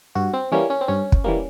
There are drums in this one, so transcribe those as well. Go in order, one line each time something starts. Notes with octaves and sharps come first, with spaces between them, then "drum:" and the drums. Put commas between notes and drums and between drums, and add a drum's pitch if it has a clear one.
G2 F#4
C4
E3 G3 A#3 C#4
C#4
C4
G2 C#4
drum: kick
E3 G3 A#3